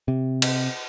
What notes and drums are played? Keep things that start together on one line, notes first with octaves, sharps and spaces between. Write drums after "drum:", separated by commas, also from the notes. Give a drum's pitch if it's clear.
C3
drum: cymbal